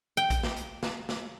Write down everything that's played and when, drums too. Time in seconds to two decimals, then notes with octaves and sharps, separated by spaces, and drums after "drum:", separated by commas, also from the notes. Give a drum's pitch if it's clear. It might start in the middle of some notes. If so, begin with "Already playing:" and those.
0.17 G5
0.30 drum: kick A#1, hi-hat
0.43 drum: snare
0.57 drum: hi-hat
0.83 drum: snare
1.09 drum: snare